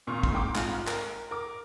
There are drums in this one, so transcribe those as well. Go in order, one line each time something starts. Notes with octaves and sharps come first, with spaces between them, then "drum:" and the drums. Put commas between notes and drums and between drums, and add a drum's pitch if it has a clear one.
G#1 A#2 C6 C#6 F6
drum: kick
G#2 F5 G5 C6 D6
G#2 F4 F6 F7, drum: clap
A#4, drum: clap
A#4 D6